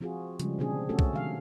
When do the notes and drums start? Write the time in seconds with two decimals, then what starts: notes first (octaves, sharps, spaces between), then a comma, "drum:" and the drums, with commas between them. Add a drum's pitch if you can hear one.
0.01 F3 C4 F4 F#4 G#4
0.40 C#3 F3 G3 G#3 C#4, drum: hi-hat
0.59 B2 D3 G3 C4 D4 G#4
0.89 A3 C#4 D4 F#4 G4 A4
0.99 drum: kick
1.13 C3 D#3 F#3 F5